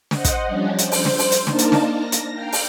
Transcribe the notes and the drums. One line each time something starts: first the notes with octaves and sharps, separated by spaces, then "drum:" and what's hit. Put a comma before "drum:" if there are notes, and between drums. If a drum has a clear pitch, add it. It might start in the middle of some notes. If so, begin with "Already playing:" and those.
C5 D#5 F#5, drum: snare
drum: kick, hi-hat
F3 G3 C#4 D4
C5, drum: hi-hat
drum: open hi-hat
drum: snare
drum: open hi-hat
drum: hi-hat
A#3 D4 D#4 A#4 A5, drum: snare
drum: hi-hat
drum: snare
A#6
drum: hi-hat
F5 G5 A#5 F6
drum: open hi-hat